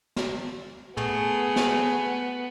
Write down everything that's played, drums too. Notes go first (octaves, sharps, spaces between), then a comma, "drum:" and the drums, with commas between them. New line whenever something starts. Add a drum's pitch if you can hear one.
drum: snare
A3 B3 G#4, drum: tom
drum: snare